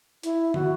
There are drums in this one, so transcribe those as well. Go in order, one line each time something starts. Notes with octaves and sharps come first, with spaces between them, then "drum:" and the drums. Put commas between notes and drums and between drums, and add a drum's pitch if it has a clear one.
E4, drum: hi-hat
F#4, drum: tom